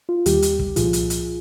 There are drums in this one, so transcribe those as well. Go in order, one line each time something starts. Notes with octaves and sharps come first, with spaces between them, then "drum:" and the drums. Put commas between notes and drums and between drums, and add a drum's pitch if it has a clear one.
F4
D#2 D#3 G3 G4, drum: hi-hat
drum: hi-hat
drum: kick
C2 A#2 F3 F4 G#4, drum: hi-hat
drum: hi-hat
drum: hi-hat